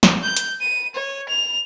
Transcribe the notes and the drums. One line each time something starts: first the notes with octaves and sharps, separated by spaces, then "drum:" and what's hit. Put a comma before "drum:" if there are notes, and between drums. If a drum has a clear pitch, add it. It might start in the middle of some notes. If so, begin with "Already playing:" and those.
drum: snare
G6
drum: hi-hat
D#7
C#5
F7